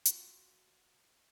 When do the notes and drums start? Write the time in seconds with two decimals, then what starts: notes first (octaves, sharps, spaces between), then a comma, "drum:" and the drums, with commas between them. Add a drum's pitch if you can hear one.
0.05 F4 F#4, drum: hi-hat